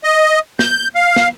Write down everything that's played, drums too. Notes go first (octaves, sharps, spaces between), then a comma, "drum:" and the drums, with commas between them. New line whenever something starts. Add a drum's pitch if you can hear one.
D#5
G6, drum: snare
F5
drum: snare